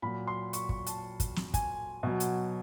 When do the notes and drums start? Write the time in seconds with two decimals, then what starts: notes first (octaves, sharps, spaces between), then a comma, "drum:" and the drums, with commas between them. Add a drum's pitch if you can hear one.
0.02 A#2 F#3 B5
0.28 C6
0.53 C#6, drum: hi-hat
0.69 C#6, drum: kick
0.86 A5, drum: hi-hat
1.20 drum: kick, hi-hat
1.36 drum: snare
1.54 G#5, drum: kick, hi-hat
2.03 B2 F#3
2.20 drum: hi-hat